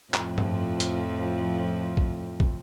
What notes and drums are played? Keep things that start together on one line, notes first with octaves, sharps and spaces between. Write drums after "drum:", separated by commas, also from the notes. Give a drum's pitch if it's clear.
F2 A2 F3, drum: clap
drum: tom
drum: hi-hat
drum: kick
drum: kick